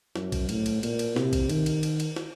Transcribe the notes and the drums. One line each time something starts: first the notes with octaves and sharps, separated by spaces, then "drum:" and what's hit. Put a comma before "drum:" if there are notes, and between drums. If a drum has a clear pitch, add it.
F#2, drum: snare
drum: kick A#1, cymbal
A2, drum: cymbal
drum: cymbal
A#2, drum: cymbal
drum: cymbal
C3, drum: snare
drum: kick A#1, cymbal
D#3, drum: cymbal
drum: cymbal
drum: cymbal
drum: cymbal
drum: snare